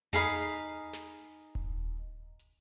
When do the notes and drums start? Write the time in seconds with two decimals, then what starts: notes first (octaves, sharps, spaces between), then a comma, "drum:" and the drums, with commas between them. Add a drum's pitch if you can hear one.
0.13 D#4 G#4 F5 B5, drum: tom E2
0.93 drum: snare
1.55 drum: kick D#1
2.39 drum: hi-hat